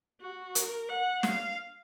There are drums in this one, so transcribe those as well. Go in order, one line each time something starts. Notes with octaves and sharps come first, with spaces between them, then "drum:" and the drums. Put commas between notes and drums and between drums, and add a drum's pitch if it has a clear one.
F#4
A#4, drum: hi-hat
F#5
F5, drum: snare